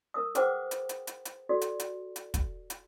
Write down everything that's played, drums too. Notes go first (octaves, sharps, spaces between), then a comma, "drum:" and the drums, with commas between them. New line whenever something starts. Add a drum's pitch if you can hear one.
A#4 D#6
G#4 B4 C5 F#5 G5 D6, drum: hi-hat
drum: hi-hat
drum: hi-hat
drum: hi-hat
drum: hi-hat
F#4 A4 D5
drum: hi-hat
drum: hi-hat
drum: hi-hat
drum: kick, hi-hat
drum: hi-hat